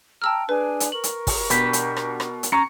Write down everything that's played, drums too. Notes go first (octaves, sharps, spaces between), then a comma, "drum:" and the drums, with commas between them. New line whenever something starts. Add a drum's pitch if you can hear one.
G5 A5 A#5 E6 F6
D4 G#4 B4 G#5
drum: hi-hat
A#4 C#6 F#7
drum: hi-hat
drum: kick, open hi-hat
B2 D4 G4 B4, drum: hi-hat
drum: hi-hat
drum: rim click
drum: rim click
drum: hi-hat
C#4 A#5 C#6 C#7